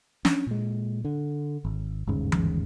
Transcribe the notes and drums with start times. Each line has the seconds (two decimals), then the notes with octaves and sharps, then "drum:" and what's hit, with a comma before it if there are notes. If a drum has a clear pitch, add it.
0.25 C#4 D4, drum: snare
0.47 A#2 G#3
1.05 D3
1.65 G#1
2.07 G1 D#2 G#2 C#3
2.32 drum: tom E3